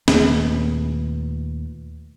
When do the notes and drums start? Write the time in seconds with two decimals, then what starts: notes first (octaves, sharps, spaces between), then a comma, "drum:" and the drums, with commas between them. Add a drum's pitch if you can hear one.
0.08 D#2 A#2 A3 B3, drum: snare C4